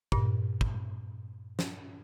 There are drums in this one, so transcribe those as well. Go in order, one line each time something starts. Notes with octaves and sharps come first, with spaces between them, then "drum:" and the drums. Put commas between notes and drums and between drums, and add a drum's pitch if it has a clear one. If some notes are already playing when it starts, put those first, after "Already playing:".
G2 A#2, drum: kick
drum: kick
drum: snare